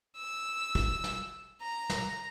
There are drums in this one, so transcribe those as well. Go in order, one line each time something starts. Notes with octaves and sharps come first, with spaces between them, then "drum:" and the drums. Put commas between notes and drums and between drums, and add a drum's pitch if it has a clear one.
E6
drum: kick
drum: snare
A#5
drum: snare